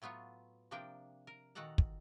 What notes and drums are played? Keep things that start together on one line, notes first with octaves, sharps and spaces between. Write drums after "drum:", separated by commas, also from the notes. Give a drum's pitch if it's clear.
A2 F#3 B3 F4 C#5
C3 F3 A#3 D4 A#4 G5
A#4
A#2 D#3 F#4 A4 F#5 A#5
drum: kick